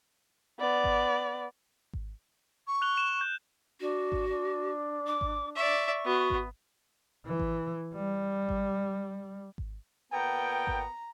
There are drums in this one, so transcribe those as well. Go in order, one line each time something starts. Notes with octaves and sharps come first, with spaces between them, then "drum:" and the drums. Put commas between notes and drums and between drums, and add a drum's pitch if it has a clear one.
B3 D5
drum: kick G#1
drum: kick G#1
C#6
F#6 F7 G7
E7
G6
D4 F#4
drum: kick G#1
D4
D6
drum: kick G#1
D5 E5 C#6
B3 F#4
drum: kick G#1
E3
drum: kick G#1
G3
drum: kick G#1
drum: kick G#1
A#2 B3 A4 G5 A#5
drum: kick G#1